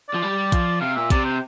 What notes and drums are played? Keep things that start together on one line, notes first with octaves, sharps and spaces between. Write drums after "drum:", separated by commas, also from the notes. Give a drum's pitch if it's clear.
D5
F3
G3
F3, drum: kick, hi-hat
C3 F5
A#2 E5
C3 D5, drum: kick, hi-hat
C5